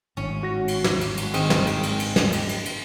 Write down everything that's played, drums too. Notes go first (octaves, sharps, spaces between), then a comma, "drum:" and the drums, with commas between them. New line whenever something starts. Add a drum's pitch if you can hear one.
G#1 A2 C#4
F#4 A#6
drum: cymbal
drum: snare
drum: cymbal
drum: cymbal
D#3 G#3 C4, drum: cymbal
drum: snare
drum: cymbal
drum: cymbal
drum: cymbal
drum: snare
drum: cymbal
drum: cymbal
drum: cymbal